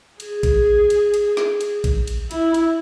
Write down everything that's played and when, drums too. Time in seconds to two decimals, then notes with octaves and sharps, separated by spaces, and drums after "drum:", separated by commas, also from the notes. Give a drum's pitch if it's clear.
0.20 G#4, drum: cymbal
0.43 drum: kick A#1, cymbal
0.90 drum: cymbal
1.14 drum: cymbal
1.37 drum: snare
1.61 drum: cymbal
1.84 drum: kick A#1, cymbal
2.07 drum: cymbal
2.31 E4, drum: cymbal
2.54 drum: cymbal